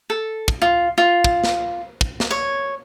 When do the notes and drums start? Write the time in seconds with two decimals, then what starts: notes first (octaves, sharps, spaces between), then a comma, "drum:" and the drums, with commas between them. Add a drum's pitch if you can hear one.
0.10 A4
0.48 drum: kick
0.62 F4
0.98 F4
1.24 drum: kick
1.44 drum: snare
2.01 drum: kick
2.20 drum: snare
2.31 C#5